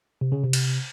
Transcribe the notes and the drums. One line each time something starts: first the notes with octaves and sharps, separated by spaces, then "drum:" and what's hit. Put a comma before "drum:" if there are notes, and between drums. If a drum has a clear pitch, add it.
C3
C#3
C3
drum: cymbal